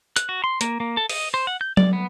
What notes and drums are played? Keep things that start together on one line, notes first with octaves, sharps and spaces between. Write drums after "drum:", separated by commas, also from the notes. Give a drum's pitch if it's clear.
F#6, drum: hi-hat
F#4
C6
A#3, drum: hi-hat
A#3
A4
D#5, drum: open hi-hat
C5
F#5
G6
D5, drum: tom F#3
B3